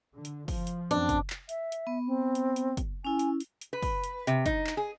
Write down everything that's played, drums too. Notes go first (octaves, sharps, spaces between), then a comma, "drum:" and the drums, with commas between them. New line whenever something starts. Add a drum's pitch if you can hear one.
D3
drum: hi-hat
F3, drum: kick, open hi-hat
drum: hi-hat
F#2 C4 D4, drum: hi-hat
drum: kick, hi-hat
drum: clap
E5, drum: hi-hat
drum: hi-hat
B3
C4
drum: hi-hat
drum: hi-hat
drum: kick, hi-hat
C#4 E4 G#5
drum: hi-hat
drum: hi-hat
drum: hi-hat
B4
drum: kick, open hi-hat
drum: hi-hat
C3, drum: hi-hat
D#4, drum: kick, hi-hat
drum: clap
G#4